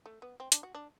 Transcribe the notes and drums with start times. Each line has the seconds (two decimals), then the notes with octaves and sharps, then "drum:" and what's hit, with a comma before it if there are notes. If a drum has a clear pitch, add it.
0.06 A3
0.22 B3
0.40 C4
0.52 D4, drum: hi-hat
0.63 F#4
0.75 D4